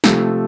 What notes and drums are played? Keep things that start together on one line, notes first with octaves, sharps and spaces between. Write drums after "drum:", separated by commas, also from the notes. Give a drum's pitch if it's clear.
C3 F3 A3, drum: snare